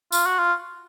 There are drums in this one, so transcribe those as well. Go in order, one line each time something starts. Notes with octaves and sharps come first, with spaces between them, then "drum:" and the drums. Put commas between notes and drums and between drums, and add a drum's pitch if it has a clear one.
F4, drum: tambourine
F#4
F4